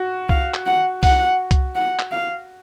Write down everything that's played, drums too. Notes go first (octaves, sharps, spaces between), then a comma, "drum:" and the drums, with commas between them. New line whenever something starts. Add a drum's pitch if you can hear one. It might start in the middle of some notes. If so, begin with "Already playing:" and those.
Already playing: F#4
F5, drum: kick C2
drum: clap
F#5
F#5, drum: kick C2, open hi-hat
drum: kick C2, hi-hat
F#5
drum: clap
F5